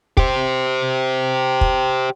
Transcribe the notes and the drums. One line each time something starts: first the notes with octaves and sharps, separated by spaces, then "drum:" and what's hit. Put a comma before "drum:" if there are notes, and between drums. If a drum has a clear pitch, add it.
G4 C5, drum: kick
drum: kick